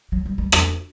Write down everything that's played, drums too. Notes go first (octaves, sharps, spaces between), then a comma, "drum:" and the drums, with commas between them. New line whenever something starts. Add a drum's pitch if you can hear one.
F#3
G3
G3
F#3, drum: rim click